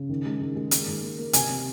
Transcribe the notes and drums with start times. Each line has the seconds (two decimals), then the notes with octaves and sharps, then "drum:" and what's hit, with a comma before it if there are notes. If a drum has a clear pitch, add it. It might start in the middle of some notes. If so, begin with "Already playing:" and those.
Already playing: C#3
0.09 D#3
0.25 G#3
0.41 D#3
0.56 G#3
0.71 A#3, drum: hi-hat
0.88 D#3
1.03 A#3
1.18 A#3
1.33 C3 G#5, drum: hi-hat
1.49 C3